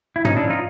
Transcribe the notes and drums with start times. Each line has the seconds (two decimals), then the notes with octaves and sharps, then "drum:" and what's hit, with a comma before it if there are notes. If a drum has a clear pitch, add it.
0.16 E4
0.25 C#4 D#4, drum: tom
0.36 D4 E4
0.44 F3
0.50 D#4 F4